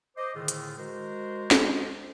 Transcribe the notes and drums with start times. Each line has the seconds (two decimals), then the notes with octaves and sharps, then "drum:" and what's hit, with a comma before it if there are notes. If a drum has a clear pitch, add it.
0.17 C5 D#5 D6
0.36 A2 D3 D#3 A3 F4 G#4
0.48 drum: hi-hat
0.78 G#3 F#4 A#4 C5
1.51 drum: snare